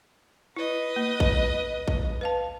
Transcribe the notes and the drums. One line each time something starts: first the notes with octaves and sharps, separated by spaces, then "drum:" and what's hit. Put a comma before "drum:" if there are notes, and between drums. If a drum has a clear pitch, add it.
E4 B4 D#5
A#3
drum: kick A1
drum: kick A1
B4 F5 A5